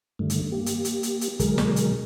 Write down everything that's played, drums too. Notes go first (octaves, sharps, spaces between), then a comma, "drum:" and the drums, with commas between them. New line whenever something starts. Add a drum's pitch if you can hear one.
G2 D3 D#3 G3 A3
drum: hi-hat
A#3 G4
drum: hi-hat
drum: hi-hat
drum: hi-hat
drum: hi-hat
B2 D3 F#3 G#3 G#4 A#4, drum: kick, hi-hat
drum: snare
drum: hi-hat